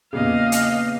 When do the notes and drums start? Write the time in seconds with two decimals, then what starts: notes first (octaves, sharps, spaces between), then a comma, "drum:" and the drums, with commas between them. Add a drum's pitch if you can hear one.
0.13 E2 A#2 C#3 D#5 F5
0.52 drum: hi-hat